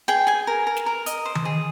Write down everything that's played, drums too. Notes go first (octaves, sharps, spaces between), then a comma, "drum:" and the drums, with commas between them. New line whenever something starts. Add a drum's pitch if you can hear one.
G#4 G5
G#4 G#5
A#4
A#4
drum: snare
A#4
D#5, drum: hi-hat
C5
drum: tom D#3
G#4